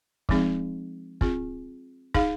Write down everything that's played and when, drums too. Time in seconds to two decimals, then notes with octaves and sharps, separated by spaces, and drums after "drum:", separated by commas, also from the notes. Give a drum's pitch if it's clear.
0.29 F3 G#3 C4 D#4 G#4, drum: kick
1.21 C4 F4 G#4, drum: kick
2.14 D#4 G#4 F5, drum: kick